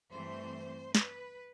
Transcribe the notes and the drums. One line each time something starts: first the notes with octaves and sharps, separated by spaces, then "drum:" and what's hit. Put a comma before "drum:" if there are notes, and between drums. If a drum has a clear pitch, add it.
G2 E3 A3 C4 C5
B4, drum: snare